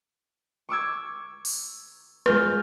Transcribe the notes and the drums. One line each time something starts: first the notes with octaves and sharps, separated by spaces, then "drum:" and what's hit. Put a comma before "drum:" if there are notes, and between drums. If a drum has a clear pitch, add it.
C#6 D6 E6 G#6
drum: open hi-hat
G#3 F4 F6 G6, drum: rim click